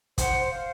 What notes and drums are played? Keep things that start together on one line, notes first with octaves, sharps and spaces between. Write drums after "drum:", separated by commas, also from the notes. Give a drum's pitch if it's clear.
C5 F#5, drum: kick, hi-hat
C5
F5